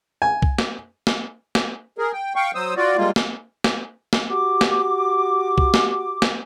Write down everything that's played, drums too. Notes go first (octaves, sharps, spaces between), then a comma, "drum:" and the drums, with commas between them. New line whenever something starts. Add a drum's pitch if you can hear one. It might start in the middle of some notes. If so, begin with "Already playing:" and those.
G#5
drum: kick C2
drum: snare
drum: snare
drum: snare
G#4 A#4
G5
F5 G5 C#6
F#3 C5 D#6 E6
F4 F#4 D5
G3 G#3 A#3 F4
drum: snare
drum: snare
drum: snare
F#4 G4 D6
drum: snare
drum: kick C2
drum: snare
drum: snare